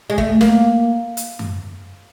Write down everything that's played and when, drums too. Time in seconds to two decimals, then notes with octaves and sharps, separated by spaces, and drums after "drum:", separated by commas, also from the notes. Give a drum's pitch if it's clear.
0.10 G#3
0.18 A3, drum: kick
0.41 A#3, drum: snare
1.17 drum: hi-hat
1.39 drum: tom F#2